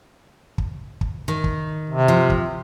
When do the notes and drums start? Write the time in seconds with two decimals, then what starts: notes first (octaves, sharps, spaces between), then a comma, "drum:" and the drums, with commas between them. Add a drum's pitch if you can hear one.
0.58 drum: kick
1.01 drum: kick
1.28 D#3
1.44 drum: kick
1.90 C3
2.08 F3
2.30 drum: kick